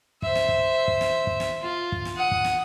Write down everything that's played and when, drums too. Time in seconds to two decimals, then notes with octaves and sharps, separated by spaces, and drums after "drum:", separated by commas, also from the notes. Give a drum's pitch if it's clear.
0.22 C5 E5, drum: kick
0.35 drum: snare
0.48 drum: kick
0.88 drum: kick
1.01 drum: snare
1.27 drum: kick
1.40 drum: snare
1.62 F4
1.92 drum: kick
2.05 drum: snare
2.16 F#5 D#6
2.31 drum: kick
2.44 drum: snare